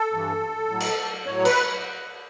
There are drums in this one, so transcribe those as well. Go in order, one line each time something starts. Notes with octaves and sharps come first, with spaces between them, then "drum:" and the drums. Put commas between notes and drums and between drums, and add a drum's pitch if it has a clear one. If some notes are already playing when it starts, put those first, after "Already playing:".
Already playing: A4
G2 E3
A2 F#3
drum: cymbal
A2 F#3 C#5
B4, drum: cymbal